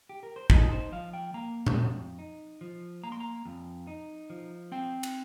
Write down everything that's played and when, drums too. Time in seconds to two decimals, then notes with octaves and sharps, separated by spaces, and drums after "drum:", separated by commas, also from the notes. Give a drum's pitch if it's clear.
0.09 G4
0.23 A#4
0.36 C5
0.50 D#4 D#5, drum: kick
0.71 C5
0.92 F3 F5
1.13 G5
1.34 A#3 A#5
1.67 drum: tom
1.77 F2
2.19 D#4
2.61 F3
3.03 A#3 A#5
3.12 C6
3.20 A#5
3.46 F2
3.87 D#4
4.30 F3
4.72 C4 G5
5.03 drum: cymbal